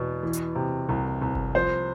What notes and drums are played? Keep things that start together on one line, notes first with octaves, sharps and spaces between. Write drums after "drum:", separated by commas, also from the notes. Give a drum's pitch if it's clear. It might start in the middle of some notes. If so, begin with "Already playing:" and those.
Already playing: E2 B2
E3
drum: hi-hat
C3
C2
C2
drum: kick G1
F3 C5